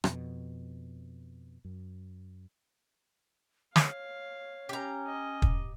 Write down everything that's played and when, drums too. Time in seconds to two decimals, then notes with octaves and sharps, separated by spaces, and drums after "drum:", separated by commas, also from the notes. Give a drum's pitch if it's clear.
0.04 F2 B2, drum: rim click
1.65 F#2
3.76 C#5 F5, drum: snare
4.69 C#4 G4 A#5
5.06 D#5
5.42 drum: kick